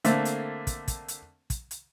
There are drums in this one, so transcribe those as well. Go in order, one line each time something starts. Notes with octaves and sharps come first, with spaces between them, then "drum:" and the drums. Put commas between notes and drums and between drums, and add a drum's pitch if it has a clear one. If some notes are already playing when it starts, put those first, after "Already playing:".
D3 A3 A#3 C4, drum: hi-hat
drum: hi-hat
drum: kick, hi-hat
drum: kick, hi-hat
drum: hi-hat
drum: kick, hi-hat
drum: hi-hat